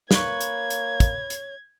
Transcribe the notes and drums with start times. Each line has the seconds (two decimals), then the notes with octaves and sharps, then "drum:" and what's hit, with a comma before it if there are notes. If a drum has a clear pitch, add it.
0.11 A#3 B4 C#5 C#6 G#6, drum: snare
0.41 drum: hi-hat
0.70 drum: hi-hat
1.00 drum: kick, hi-hat
1.30 drum: hi-hat